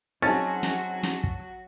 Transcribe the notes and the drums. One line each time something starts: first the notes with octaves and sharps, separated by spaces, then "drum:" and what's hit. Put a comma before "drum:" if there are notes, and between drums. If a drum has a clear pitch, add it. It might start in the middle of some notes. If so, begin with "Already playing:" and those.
F#3 C4 C#4 D#4 F#4 G#4 A5 A6
drum: snare
drum: snare
drum: kick